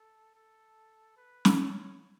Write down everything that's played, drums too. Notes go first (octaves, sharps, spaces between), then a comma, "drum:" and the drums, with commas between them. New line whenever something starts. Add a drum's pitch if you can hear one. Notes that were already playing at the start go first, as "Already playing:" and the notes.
Already playing: A4
A4
B4
drum: snare
C#5